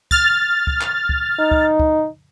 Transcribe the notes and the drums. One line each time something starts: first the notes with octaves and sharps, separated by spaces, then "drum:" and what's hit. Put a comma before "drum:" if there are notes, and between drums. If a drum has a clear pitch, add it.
F6 A6, drum: kick
drum: kick
drum: clap
drum: kick
D#4
drum: kick
drum: kick